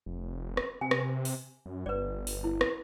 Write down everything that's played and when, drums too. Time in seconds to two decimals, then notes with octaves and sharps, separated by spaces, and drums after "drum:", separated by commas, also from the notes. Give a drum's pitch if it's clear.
0.06 F1
0.57 drum: rim click
0.81 C3 G#5
0.91 drum: rim click
1.25 drum: open hi-hat
1.66 F#2
1.86 G1 B4 D5
2.27 drum: open hi-hat
2.44 E4
2.61 drum: rim click